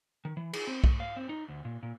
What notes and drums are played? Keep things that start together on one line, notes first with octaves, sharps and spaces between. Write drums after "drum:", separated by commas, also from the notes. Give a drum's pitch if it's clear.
D#3
E3
G#4, drum: cymbal
C4
A3, drum: kick
F5
C4
D#4
D2
A#2
A#2